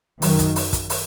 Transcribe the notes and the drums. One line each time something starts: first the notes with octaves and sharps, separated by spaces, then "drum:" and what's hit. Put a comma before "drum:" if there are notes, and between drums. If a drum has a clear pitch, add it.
F#2 D#3 F#3, drum: open hi-hat
drum: kick, hi-hat
drum: open hi-hat
drum: kick, hi-hat
drum: open hi-hat